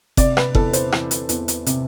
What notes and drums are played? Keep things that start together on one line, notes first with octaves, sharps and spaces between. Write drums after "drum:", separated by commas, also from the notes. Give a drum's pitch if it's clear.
C3 D5, drum: kick F#1, hi-hat
B4, drum: rim click
E2 A4, drum: kick F#1
C5, drum: hi-hat
E3, drum: rim click
drum: hi-hat
E2, drum: hi-hat
drum: hi-hat
C3, drum: hi-hat